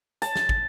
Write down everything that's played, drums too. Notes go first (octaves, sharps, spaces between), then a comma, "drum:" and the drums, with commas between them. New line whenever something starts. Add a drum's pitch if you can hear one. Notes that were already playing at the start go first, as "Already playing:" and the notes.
A5, drum: hi-hat
drum: snare
drum: kick